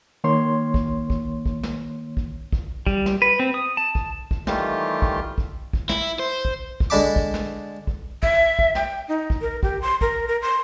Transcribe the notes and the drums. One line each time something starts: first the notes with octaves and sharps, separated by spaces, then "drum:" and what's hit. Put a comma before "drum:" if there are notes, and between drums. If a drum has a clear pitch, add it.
D#3 A#3 C#5 C6
drum: kick
drum: kick
drum: kick
drum: snare
drum: kick
drum: kick
G3, drum: kick
drum: snare
B4
C4
D#6
A5
drum: kick
drum: kick
D#3 E3 G3 A3 F4 G4, drum: snare
drum: kick
drum: kick
drum: kick
E4, drum: snare
C5
drum: kick
drum: kick
D3 G#3 D4 A5 B5 D6
drum: kick
drum: snare
drum: kick
E5, drum: kick
drum: kick
G5, drum: snare
D#4
drum: kick
A#4
G4, drum: kick
C6
A#4, drum: kick
A#4
C6